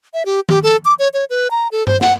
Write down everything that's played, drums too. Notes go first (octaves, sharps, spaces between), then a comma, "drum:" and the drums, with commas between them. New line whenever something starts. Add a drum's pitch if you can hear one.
E5
G4
G4, drum: tom D#3
A4
D6
C#5
C#5
B4
A#5
A4
C5, drum: tom G2
F#5, drum: snare